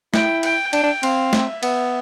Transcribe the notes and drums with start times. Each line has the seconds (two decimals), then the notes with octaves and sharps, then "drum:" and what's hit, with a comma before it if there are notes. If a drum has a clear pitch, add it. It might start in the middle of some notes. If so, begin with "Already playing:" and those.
0.14 E4 G5, drum: snare
0.43 G5, drum: cymbal
0.73 D4 G5, drum: cymbal
0.83 D4
1.03 C4 F5, drum: cymbal
1.33 E5, drum: snare
1.63 B3 E5, drum: cymbal